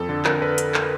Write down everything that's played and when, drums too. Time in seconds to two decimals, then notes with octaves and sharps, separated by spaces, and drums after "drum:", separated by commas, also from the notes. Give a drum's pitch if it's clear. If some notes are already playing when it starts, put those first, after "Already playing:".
Already playing: F2 A4
0.09 D3
0.25 F2 A#4, drum: clap
0.41 D3 B4
0.58 drum: hi-hat
0.74 drum: clap